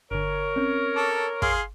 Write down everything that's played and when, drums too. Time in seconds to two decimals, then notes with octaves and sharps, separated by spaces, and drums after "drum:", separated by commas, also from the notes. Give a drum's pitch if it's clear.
0.11 G1 D3 A#4 C#5
0.56 C4 C#4
0.96 A4 D6
1.42 G#4 F5 C6, drum: kick